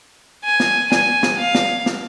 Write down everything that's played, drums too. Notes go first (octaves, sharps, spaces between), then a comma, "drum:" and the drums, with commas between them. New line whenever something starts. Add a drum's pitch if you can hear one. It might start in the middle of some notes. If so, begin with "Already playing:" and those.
G#5
drum: snare
G#5, drum: snare
drum: snare
F5
drum: snare
drum: snare